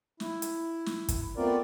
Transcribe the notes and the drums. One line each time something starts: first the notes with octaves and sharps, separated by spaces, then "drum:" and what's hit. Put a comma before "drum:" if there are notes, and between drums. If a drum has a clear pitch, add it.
E4, drum: snare
drum: hi-hat
drum: snare
drum: kick, hi-hat
A3 B3 C4 F4 A#4 D5